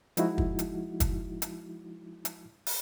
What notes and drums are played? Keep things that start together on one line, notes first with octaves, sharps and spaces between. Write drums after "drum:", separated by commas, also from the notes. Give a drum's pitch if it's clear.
F3 G#3 D#4 E4 F#4, drum: hi-hat
drum: kick
drum: hi-hat
drum: kick, hi-hat
drum: hi-hat
drum: hi-hat
drum: open hi-hat